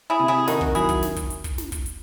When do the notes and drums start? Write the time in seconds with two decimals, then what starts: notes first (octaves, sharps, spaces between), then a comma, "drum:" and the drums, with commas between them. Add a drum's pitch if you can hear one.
0.10 E4 G#4
0.19 C3
0.28 E4 G#4
0.48 D#3 D#4 F#4, drum: snare
0.61 drum: kick
0.75 F#3 E4 G#4, drum: hi-hat
0.89 drum: kick, hi-hat
1.03 drum: snare
1.16 drum: kick, hi-hat
1.30 drum: hi-hat
1.44 drum: kick, hi-hat
1.58 drum: snare
1.72 drum: kick, hi-hat
1.86 drum: hi-hat